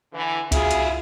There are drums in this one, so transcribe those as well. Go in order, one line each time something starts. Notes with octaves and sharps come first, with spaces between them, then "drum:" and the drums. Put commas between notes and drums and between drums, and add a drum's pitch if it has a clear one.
D3 E3
D2 E4 F4 G#4, drum: kick C#2, hi-hat
drum: hi-hat